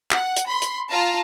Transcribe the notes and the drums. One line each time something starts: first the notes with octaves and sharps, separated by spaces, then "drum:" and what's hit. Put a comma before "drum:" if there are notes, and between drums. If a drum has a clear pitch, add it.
F#5, drum: clap
drum: hi-hat
B5 C6
drum: hi-hat
F4 F5 A5 A#5